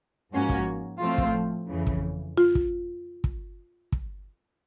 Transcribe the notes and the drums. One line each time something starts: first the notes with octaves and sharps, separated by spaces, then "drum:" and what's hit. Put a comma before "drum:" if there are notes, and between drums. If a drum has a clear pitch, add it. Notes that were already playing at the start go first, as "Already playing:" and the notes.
G#2 F3 A#3 C#4 F#4
drum: kick
A2 F3 A3 C4 F4
drum: kick
F2 C#3 E3
drum: kick
F4
drum: kick
drum: kick
drum: kick